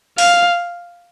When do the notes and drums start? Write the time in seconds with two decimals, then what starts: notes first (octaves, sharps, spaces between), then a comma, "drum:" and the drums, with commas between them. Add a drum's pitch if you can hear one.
0.18 F5, drum: open hi-hat